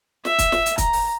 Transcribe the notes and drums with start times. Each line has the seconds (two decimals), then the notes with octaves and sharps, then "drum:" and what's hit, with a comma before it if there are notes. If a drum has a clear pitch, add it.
0.25 E5, drum: snare
0.39 drum: kick, hi-hat
0.52 drum: snare
0.66 drum: hi-hat
0.78 A#5, drum: kick, hi-hat
0.93 drum: open hi-hat